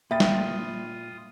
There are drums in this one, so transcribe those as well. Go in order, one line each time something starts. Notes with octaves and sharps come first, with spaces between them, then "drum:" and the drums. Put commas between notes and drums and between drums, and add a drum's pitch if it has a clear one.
A#2 F4 E5 G5 B5 D#6 A6
drum: snare